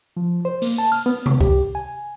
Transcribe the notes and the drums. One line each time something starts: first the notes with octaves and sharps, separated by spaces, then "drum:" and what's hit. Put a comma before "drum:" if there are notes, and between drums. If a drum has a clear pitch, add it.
F3
C5
A#3, drum: open hi-hat
A5
F6
B3
drum: tom C3
G4, drum: kick C2
G#5